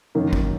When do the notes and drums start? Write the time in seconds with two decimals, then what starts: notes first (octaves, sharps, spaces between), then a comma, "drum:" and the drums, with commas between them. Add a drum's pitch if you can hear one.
0.15 F#2 D#3 A#3
0.33 drum: kick